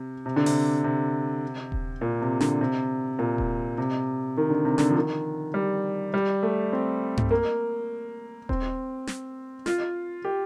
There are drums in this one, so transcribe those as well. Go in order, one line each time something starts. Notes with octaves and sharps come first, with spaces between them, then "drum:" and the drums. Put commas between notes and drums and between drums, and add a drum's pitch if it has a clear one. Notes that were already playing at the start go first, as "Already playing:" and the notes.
Already playing: C3
C3
D3
C3, drum: open hi-hat
C3
drum: kick D#1
A#2
C3
D3, drum: snare
C3
A#2
drum: kick D#1
C3
D#3
D3
C3
D3, drum: snare
F3
D#3
G3
G3
A3
C4
drum: tom G2
A#3
C4, drum: kick D#1
drum: snare
F4, drum: snare
G4